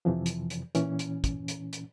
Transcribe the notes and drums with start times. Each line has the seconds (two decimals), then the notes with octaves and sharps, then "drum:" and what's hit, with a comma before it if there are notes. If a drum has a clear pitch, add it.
0.05 F2 C3 E3 F3
0.26 drum: hi-hat
0.50 drum: hi-hat
0.75 A#2 E3 C#4, drum: hi-hat
0.99 drum: hi-hat
1.24 drum: kick, hi-hat
1.48 drum: hi-hat
1.73 drum: hi-hat